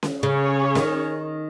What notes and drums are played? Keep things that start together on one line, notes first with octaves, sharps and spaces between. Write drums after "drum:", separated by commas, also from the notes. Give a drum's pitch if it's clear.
drum: snare C#4
C#3 C#4 G#4 C#5
D#3, drum: snare C#4